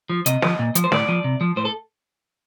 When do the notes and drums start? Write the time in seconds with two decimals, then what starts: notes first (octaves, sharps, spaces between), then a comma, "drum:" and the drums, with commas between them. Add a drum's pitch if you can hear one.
0.10 F3
0.26 C3 D#5, drum: hi-hat
0.42 F3, drum: snare
0.59 A#2
0.75 F3, drum: hi-hat
0.84 C5
0.92 A2 D5, drum: snare
1.09 F3
1.24 C3
1.41 F3
1.56 A2 C5
1.65 A4